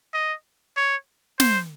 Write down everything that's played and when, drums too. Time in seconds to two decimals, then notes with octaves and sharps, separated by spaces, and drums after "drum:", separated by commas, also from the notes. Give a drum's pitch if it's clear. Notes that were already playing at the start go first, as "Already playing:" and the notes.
0.14 D#5
0.77 C#5
1.40 C5, drum: snare